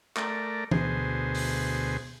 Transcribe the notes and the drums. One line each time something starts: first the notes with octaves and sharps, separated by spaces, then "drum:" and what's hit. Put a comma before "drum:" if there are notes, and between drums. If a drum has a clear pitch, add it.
A3 A#4 D5, drum: clap
D2 B2 G#4 C5, drum: tom E3
drum: open hi-hat